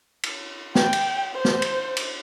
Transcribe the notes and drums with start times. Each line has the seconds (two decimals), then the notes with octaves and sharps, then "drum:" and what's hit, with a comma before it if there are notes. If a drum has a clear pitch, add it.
0.23 drum: cymbal
0.75 G5, drum: snare
0.93 drum: cymbal
1.35 C5
1.45 drum: snare
1.62 drum: cymbal
1.97 drum: cymbal